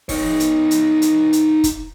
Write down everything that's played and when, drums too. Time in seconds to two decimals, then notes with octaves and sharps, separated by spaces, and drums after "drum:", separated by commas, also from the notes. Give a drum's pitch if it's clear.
0.09 D#4 C#5, drum: kick, open hi-hat
0.40 drum: hi-hat
0.71 drum: hi-hat
1.02 drum: hi-hat
1.33 drum: hi-hat
1.64 drum: kick, hi-hat